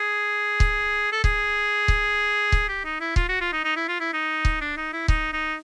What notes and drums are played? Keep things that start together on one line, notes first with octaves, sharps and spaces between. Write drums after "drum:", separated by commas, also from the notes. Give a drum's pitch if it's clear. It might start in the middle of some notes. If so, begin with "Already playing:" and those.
Already playing: G#4
drum: kick C#1
A4
G#4, drum: kick C#1
drum: kick C#1
drum: kick C#1
G4
D#4
E4
F4, drum: kick C#1
F#4
F4
D#4
D#4
E4
F4
E4
D#4
drum: kick C#1
D4
D#4
E4
D#4, drum: kick C#1
D#4